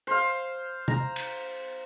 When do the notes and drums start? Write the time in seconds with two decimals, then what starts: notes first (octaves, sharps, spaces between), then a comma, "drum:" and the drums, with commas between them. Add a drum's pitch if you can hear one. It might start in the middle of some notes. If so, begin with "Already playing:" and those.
0.07 C5 F5
0.88 A#5, drum: tom
1.16 drum: cymbal